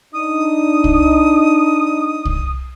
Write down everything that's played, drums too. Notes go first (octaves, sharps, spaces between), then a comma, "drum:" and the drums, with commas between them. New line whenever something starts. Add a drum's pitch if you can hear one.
D4 D#4 D#6
drum: kick C2
drum: kick C2